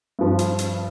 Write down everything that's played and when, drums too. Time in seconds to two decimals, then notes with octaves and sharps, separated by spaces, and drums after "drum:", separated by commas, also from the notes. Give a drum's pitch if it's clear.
0.19 G2 F3
0.39 drum: hi-hat
0.59 drum: hi-hat